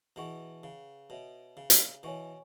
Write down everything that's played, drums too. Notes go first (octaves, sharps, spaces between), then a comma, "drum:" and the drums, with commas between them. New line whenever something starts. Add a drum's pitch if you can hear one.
B2 E3 G#4 B4 F#5 C#6
C#3
B2 F#4 C#5 E5
C#3
drum: hi-hat
B2 E3 C#5 G#5 C#6